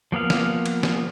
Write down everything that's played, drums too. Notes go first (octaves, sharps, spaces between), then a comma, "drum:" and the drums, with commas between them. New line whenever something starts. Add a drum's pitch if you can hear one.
F3 A#3 B3 F5
drum: snare
drum: cymbal
drum: snare